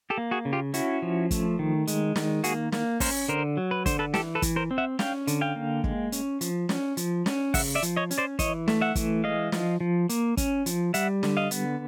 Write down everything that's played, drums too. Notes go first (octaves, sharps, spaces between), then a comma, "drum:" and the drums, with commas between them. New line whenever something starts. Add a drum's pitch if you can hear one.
G4 A4
A#3
F#4 G#4
C#3
F4 G4
C#4 E4 F#4, drum: hi-hat
F3
A3, drum: kick, hi-hat
D#3
G#3, drum: hi-hat
D#3, drum: snare
A#3 F#4 G#4, drum: hi-hat
A#3, drum: snare
C#4 A#4 C5, drum: kick, open hi-hat
D3 A#4 C5
F#3
B4
D3 C5, drum: kick, hi-hat
A4 B4
E3 G4 A4, drum: snare
A4 B4
E3, drum: kick, hi-hat
A#4 C5
C4
E5 F#5
C#4 F5 G5, drum: snare
D3, drum: hi-hat
F5 G5
A#3
G#3, drum: kick
C#4, drum: hi-hat
F3, drum: hi-hat
C#4, drum: snare
F3, drum: hi-hat
C#4, drum: snare
C#3 E5 F#5, drum: kick, open hi-hat
D5 E5
F3, drum: hi-hat
C#5 D#5
C#4, drum: hi-hat
C5 D5
E3 C#5 D#5, drum: kick, hi-hat
A3, drum: snare
E5 F#5
E3, drum: kick, hi-hat
G#3 D#5 F5
F3, drum: snare
F3
A#3, drum: hi-hat
C#4, drum: kick, hi-hat
F3, drum: hi-hat
G3 E5 F#5, drum: hi-hat
D3, drum: snare
D#5 F5
B3, drum: hi-hat